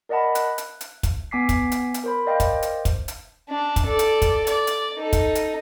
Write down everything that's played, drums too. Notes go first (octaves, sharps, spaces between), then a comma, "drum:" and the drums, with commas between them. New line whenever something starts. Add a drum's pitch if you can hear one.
A#4 D5 D#5 F#5 A5 B5
F#6, drum: hi-hat
drum: hi-hat
drum: hi-hat
drum: kick, hi-hat
B3 G#5 D6 B6 C7
drum: kick, hi-hat
drum: hi-hat
drum: hi-hat
A#4 C5 B5
A#4 C5 D5 D#5 F5 G5
drum: kick, hi-hat
drum: hi-hat
drum: kick, hi-hat
drum: hi-hat
D4
drum: kick, hi-hat
A4 D5
drum: hi-hat
drum: kick, hi-hat
D5, drum: hi-hat
drum: hi-hat
D#4 A4
drum: kick, hi-hat
drum: hi-hat